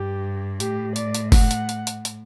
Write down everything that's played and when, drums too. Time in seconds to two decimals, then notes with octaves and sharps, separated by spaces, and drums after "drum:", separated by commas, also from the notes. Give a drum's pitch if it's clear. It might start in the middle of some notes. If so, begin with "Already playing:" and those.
Already playing: G2 G4
0.60 A2 G4, drum: hi-hat
0.96 D5, drum: hi-hat
1.15 drum: hi-hat
1.32 F#5, drum: kick F#1, open hi-hat
1.51 drum: hi-hat
1.69 drum: hi-hat
1.87 drum: hi-hat
2.05 drum: hi-hat